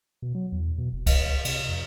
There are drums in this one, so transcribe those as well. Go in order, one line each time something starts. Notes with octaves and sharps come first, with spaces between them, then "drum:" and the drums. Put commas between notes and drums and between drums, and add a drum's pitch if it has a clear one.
B2
F#3
E2
B2
F1
D1, drum: kick C2, cymbal
C#2
C3, drum: cymbal
F2